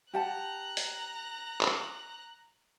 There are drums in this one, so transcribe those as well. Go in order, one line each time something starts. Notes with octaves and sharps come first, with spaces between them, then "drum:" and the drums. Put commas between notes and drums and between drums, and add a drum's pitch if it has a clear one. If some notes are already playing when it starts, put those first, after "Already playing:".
G4 F#5 A5 A#5 F#6
drum: hi-hat
drum: clap